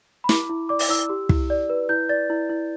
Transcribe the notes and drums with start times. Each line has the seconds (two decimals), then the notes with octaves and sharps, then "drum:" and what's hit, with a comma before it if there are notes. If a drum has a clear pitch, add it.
0.24 B5
0.29 E4 D6, drum: snare
0.49 E4
0.69 D5 D6
0.79 drum: open hi-hat
0.89 E4 E6
1.09 G4
1.29 E4, drum: kick
1.50 D5
1.70 B4
1.89 E4 G6
2.09 D5 A6
2.30 E4
2.49 E4